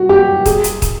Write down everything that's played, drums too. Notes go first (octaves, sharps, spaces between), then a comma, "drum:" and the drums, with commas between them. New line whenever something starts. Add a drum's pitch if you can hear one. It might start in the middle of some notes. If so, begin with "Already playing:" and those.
Already playing: F#4
G4
G#4, drum: kick, hi-hat
drum: hi-hat
drum: kick, hi-hat